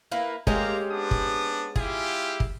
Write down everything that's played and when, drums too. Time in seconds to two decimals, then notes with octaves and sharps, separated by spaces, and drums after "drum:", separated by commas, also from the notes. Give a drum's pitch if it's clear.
0.12 A#3 E4 B4
0.47 G#3 A#3 C4 C#4 G4 F5 A#5, drum: kick
0.89 B3 D4 D#6
1.11 drum: kick
1.76 E4 F4 G4 G#4, drum: kick
2.40 drum: kick